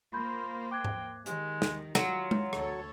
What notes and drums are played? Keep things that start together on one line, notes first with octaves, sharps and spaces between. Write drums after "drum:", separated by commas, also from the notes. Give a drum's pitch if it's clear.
A#3 F4 C5 B5 G6
G5 D6 F#6 G#6
drum: tom G#2
D#3 G#3 G4, drum: hi-hat
drum: snare
F#3 F4, drum: snare
drum: tom G#3
D2 A4 C#5, drum: rim click